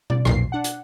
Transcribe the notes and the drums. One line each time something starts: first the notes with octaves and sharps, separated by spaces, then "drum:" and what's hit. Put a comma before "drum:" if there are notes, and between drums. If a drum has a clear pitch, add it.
D5, drum: tom B2
B1 F2 A#2 C7, drum: rim click
D4 F#5
drum: hi-hat